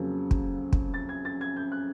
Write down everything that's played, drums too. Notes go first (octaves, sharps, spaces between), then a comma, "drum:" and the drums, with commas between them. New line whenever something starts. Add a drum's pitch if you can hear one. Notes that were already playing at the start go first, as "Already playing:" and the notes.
Already playing: F2 C#3 F#3 A#3
drum: kick
drum: kick
A6
G#6
A6
G#6
G6
F#6